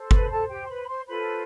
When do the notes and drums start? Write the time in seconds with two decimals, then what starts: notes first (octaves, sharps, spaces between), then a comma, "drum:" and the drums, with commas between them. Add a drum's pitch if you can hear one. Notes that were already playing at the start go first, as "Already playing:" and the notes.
Already playing: A4 C5
0.11 B4 B5, drum: kick G1
0.24 B5
0.30 A4 A5
0.50 G4 G5
0.65 C6
0.69 B4 B5
0.82 B5
0.88 C5 C6
1.06 F4 A4 B4 C5 B5